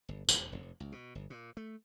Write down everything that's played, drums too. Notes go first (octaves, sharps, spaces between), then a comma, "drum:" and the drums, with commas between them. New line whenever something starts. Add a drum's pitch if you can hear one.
G1
D#1, drum: tambourine
F1
C#2
B2
G1
A#2
A3